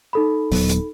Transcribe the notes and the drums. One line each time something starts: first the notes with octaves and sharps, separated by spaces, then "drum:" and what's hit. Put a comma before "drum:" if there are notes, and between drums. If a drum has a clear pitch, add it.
D#4 A4 B5
D#1 F#3 B3, drum: open hi-hat
drum: hi-hat